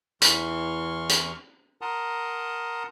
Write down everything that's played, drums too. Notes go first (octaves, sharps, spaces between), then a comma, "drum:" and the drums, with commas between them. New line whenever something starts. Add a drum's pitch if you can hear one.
E2 E3 C6 C#6 F6, drum: hi-hat
drum: hi-hat
A#4 F#5 A5 A#5 C6 D#6